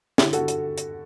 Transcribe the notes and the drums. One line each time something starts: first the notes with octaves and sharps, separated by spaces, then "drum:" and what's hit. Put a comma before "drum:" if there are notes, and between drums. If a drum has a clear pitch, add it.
D3 E4 G4, drum: snare
F#4 A4, drum: hi-hat
D3
drum: hi-hat
drum: hi-hat